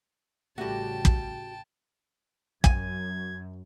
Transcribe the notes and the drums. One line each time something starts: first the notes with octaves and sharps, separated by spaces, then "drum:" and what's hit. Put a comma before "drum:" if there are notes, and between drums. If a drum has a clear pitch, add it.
A1 C#3 G3 A3 F#4 G4 G5 A5
drum: kick
F#2 G#5 G#6, drum: kick